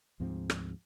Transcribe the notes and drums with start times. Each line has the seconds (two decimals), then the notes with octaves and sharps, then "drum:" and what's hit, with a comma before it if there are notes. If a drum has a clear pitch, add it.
0.20 D2 G#2 F3 C4
0.50 drum: rim click